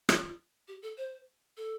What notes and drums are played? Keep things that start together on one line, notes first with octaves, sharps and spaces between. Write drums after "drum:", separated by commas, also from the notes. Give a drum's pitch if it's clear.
F4, drum: rim click
G4
A4
C5
A4